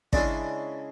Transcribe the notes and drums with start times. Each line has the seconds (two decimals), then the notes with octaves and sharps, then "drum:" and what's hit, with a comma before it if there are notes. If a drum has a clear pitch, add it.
0.13 C#3 G#3 C#4 D4 E4 D5, drum: kick